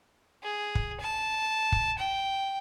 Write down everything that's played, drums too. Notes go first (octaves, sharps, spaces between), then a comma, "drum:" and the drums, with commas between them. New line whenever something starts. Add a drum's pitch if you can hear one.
G#4
drum: kick
A5
drum: kick
G5